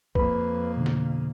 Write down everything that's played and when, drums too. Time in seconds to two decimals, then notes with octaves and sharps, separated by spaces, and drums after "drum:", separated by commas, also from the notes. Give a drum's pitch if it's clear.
0.15 F2 A#3 B4 B5, drum: kick
0.77 B2 D3
0.86 drum: snare